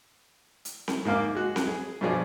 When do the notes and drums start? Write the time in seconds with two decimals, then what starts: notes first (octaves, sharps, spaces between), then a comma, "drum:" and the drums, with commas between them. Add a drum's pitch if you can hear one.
0.65 drum: hi-hat
0.88 drum: snare C4
1.05 G#2 A#3 F5 D6
1.35 G#3 F#4
1.56 drum: snare C4
1.67 G#4
2.01 G2 B2 F3 G#4 D5